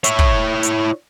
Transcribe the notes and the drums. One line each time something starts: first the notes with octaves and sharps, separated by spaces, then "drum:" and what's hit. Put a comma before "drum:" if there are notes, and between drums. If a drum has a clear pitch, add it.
E4 C#5, drum: hi-hat
drum: kick
drum: hi-hat